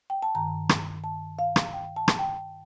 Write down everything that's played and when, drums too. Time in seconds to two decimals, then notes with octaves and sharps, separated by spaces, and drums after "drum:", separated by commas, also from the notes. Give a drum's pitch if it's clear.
0.10 G5
0.23 A5
0.35 G2 D#3 A#5
0.69 drum: rim click
1.04 A5
1.39 F5
1.56 drum: rim click
1.73 G5
1.96 A5
2.08 drum: rim click
2.19 G5